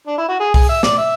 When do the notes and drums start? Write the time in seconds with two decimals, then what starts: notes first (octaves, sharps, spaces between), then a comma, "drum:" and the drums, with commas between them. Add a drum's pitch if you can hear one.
0.07 D4
0.18 E4
0.29 F#4
0.40 G#4
0.54 G#4, drum: kick C2, open hi-hat
0.69 E5
0.83 D5, drum: snare
0.98 E5